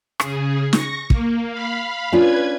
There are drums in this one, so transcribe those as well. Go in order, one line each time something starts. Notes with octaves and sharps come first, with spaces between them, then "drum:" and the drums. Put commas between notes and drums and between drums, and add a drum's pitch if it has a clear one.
C#3 G#4, drum: rim click
C#6 A#6, drum: snare
A#3, drum: kick
F5 B5
C#4 D4 F4 B4 G#6